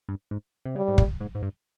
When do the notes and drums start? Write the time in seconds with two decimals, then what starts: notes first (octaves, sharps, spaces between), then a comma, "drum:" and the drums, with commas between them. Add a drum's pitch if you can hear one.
0.09 G2
0.31 G#2
0.65 C3
0.75 C#3 G3
0.88 G#2
0.98 A#2, drum: kick
1.20 G#2
1.35 G#2
1.42 G2